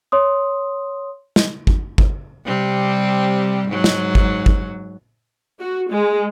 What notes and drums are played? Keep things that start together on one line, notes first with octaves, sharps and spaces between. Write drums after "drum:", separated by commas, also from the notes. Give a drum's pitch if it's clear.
C#5 C6 D#6
drum: snare
drum: kick
drum: kick
C3 G3 C4
G#2 F#3
drum: snare
drum: kick
drum: kick
F#4
G#3